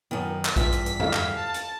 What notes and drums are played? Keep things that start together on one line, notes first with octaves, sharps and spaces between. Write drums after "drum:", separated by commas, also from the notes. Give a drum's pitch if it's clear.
F#2 D#3 B3
drum: clap
E2 G2 F4 E5 B6, drum: kick A#1, hi-hat
drum: hi-hat
drum: hi-hat
E4 G4 A4 F5, drum: tom E2
drum: clap
A5
drum: hi-hat